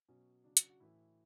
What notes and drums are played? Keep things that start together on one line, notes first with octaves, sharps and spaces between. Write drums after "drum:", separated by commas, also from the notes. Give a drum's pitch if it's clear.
B2 F#3 C#4
C#3 F#3 D4
F#4, drum: hi-hat
F#4
A2 E3 E4